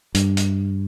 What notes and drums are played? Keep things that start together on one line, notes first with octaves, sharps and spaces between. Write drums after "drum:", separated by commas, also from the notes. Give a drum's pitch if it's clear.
G2, drum: hi-hat
drum: hi-hat